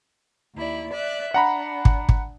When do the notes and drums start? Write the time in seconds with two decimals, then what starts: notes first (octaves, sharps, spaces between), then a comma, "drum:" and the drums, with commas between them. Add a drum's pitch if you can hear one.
0.56 D#2 E4 D5
0.91 D5 E5 F#6
1.34 D4 F#5 A#5 B5
1.85 drum: kick
2.09 drum: kick